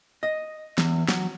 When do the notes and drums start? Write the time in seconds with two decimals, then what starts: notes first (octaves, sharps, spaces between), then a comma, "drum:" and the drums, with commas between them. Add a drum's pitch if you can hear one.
0.23 D#5
0.78 E2, drum: snare
1.09 F#3, drum: snare